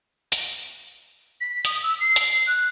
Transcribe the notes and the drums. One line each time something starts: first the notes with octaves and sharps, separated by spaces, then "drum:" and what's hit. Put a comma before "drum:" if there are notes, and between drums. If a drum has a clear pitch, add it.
drum: hi-hat
B6
D#6, drum: hi-hat
E6
C7
drum: hi-hat
F#6